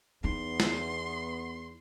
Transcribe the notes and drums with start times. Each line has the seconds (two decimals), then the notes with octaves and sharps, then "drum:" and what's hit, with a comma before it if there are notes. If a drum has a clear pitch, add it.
0.24 E2 B3 D#4 C6
0.60 drum: snare